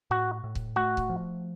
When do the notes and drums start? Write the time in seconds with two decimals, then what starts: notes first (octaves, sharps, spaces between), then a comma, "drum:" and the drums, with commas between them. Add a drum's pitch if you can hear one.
0.11 A2 F#4
0.44 A2
0.55 drum: kick C#1
0.76 A3 F#4
0.97 drum: kick C#1
1.09 F3